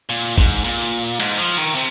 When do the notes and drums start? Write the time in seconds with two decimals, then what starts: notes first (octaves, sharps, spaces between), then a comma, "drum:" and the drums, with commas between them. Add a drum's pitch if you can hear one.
0.09 A#2
0.38 G#2, drum: kick
0.64 A#2
1.20 G#2, drum: cymbal
1.38 F3
1.56 D#3
1.75 C3